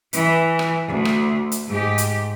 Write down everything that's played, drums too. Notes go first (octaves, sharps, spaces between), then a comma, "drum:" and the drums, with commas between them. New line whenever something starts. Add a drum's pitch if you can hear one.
E3, drum: hi-hat
drum: rim click
D2
drum: rim click
drum: hi-hat
G#2 G4
drum: hi-hat